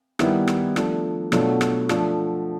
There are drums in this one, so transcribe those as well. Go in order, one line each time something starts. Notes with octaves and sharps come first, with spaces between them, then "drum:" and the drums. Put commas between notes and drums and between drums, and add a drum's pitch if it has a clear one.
D#3 G3 B3 E4, drum: rim click
drum: rim click
F3 A3 D4, drum: rim click
B2 F#3 A3 D4 F4, drum: rim click
drum: rim click
F3 A3 D4, drum: rim click